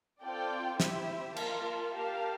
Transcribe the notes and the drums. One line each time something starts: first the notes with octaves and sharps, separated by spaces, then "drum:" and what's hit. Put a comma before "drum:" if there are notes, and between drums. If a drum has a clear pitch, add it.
C4 F4 A4 D5 G5
E4 G4 C5 E5, drum: snare
A#3 F4 A#4 F5 A5, drum: cymbal
G4 A#4 F5 A5